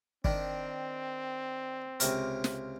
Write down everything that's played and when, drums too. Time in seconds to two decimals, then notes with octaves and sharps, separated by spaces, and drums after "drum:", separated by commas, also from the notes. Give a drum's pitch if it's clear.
0.24 D#3 C4 D4, drum: kick
2.00 C#2 C3 A#4, drum: hi-hat
2.44 drum: snare